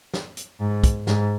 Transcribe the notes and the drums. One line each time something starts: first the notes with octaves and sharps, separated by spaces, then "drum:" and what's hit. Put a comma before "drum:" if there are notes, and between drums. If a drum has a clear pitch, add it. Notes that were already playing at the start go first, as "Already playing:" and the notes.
drum: snare
drum: hi-hat
G#2
drum: kick, hi-hat
G#2, drum: snare